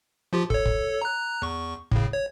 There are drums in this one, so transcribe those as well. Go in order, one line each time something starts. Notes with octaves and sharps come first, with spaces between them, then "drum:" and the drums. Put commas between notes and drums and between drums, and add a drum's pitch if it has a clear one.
F3 F4 G4
A4 C#5, drum: kick
drum: kick
A#5 F#6
E2 C#6
A2 C#3, drum: kick
C#5